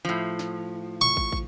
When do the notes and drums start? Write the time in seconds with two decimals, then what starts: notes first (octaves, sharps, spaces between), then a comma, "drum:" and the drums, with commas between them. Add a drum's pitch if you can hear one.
0.05 A2 F3
0.39 drum: snare
1.01 C#6
1.17 drum: kick
1.32 drum: kick